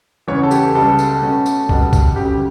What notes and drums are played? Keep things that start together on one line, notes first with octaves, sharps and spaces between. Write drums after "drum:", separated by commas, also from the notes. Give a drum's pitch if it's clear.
E2 C#3 E3 B3 C#5
A4
G4, drum: tambourine
A4
C#2 C#3 G3 B3 A4
drum: tambourine
B2 A3 C#4
drum: tambourine
C#2 B2 G3 B3, drum: kick C2
drum: kick C2, tambourine
D2 C#3 F#3 G4